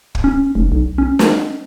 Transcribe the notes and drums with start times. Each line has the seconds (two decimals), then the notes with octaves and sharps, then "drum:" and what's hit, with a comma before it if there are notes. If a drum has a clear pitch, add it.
0.15 drum: kick
0.24 C#4
0.55 F1
0.72 B1
0.98 C#4
1.19 drum: snare